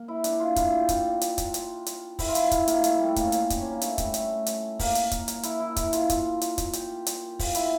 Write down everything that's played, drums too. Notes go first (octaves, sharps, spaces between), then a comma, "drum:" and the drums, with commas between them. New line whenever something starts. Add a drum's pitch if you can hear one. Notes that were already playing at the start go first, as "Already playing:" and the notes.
Already playing: A#3
E4
D4, drum: hi-hat
F4
E4, drum: kick, hi-hat
F4
G4
F4, drum: kick, hi-hat
drum: hi-hat
drum: kick, hi-hat
drum: hi-hat
drum: hi-hat
E4, drum: kick, open hi-hat
F4
E4, drum: hi-hat
drum: kick, hi-hat
A#3, drum: hi-hat
A3, drum: hi-hat
G3
A3
A#3, drum: kick, hi-hat
C#4
A#3, drum: hi-hat
D4, drum: kick, hi-hat
C#4
A#3
A3, drum: hi-hat
G3, drum: kick, hi-hat
A3, drum: hi-hat
drum: hi-hat
A#3, drum: kick, open hi-hat
drum: hi-hat
drum: kick, hi-hat
drum: hi-hat
E4, drum: hi-hat
E4
E4, drum: kick, hi-hat
F4, drum: hi-hat
F4, drum: kick, hi-hat
drum: hi-hat
drum: kick, hi-hat
G4, drum: hi-hat
drum: hi-hat
F4, drum: kick, open hi-hat
E4, drum: hi-hat